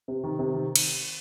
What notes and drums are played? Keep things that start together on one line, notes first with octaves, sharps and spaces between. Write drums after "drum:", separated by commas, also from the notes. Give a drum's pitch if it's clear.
C3
D#3
C3
D#3
drum: cymbal